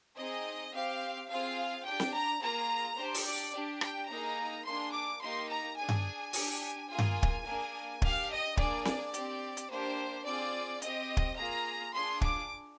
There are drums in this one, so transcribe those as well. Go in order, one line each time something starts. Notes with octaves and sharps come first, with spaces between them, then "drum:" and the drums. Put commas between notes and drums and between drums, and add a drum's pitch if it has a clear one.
C4 D#4 G#4 D#5
C4 G4 F5
C4 F4 G#4 F5
D4 G4 G5
drum: snare C4
A#5
A#3 F4 G#4 A#5
D4 G4 C5
drum: open hi-hat
D5
D4 G4
G5, drum: rim click
A#3 D#4 G#4 A#5
A#3 D4 G#4 C6
D6
A#3 D#4 G4 C6
A#5
D4 G#4 G#5
drum: tom G2
D4 G4, drum: open hi-hat
A#3 F4 G#4 G#5
drum: tom G2
drum: kick
A#3 D4 G#4
D4 G4 F5, drum: kick
D#5
A#3 D4 G#4 D5, drum: kick
D5, drum: snare C4
C4 G4, drum: hi-hat
drum: hi-hat
A#3 D4 G4 C5
C4 F4 G#4 D5
C4 G4 D#5, drum: hi-hat
drum: kick
A#3 F4 G#4 A#5
D4 F4 G#4 C6
D6, drum: kick